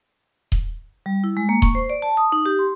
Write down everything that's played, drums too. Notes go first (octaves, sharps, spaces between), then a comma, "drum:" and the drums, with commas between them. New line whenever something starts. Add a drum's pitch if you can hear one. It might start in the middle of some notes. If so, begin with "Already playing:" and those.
drum: kick D#1
G3
E4
G#3
A#3
C#6, drum: kick D#1
C5
D5
A5
D#6
D#4
G4
C6